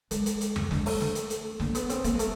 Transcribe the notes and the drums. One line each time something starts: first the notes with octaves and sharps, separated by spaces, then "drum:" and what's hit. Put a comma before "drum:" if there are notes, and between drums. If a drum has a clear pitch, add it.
G#3, drum: hi-hat
drum: hi-hat
drum: hi-hat
drum: tom E2
G#3, drum: snare
A3, drum: open hi-hat
drum: snare
drum: hi-hat
drum: hi-hat
A#3, drum: snare
B3, drum: hi-hat
C4, drum: hi-hat
A#3, drum: hi-hat
G#3
A3, drum: hi-hat